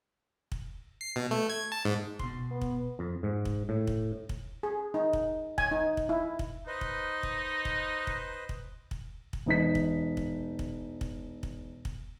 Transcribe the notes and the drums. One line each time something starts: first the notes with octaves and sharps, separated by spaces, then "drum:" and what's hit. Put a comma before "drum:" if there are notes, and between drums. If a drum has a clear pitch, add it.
drum: kick
C7
B2
A3
G#6
A5
G#2
B2 C6, drum: kick
B3
drum: kick
F2
G#2
drum: kick
A2
drum: kick
drum: kick
G#4
D#4
drum: kick
G#5, drum: kick
D#4
drum: kick
E4
drum: kick
D#4 B4 C5 D#5
drum: kick
drum: kick
drum: kick
drum: kick
drum: kick
drum: kick
drum: kick
E1 D#4 B6
drum: kick
drum: kick
drum: kick
drum: kick
drum: kick
drum: kick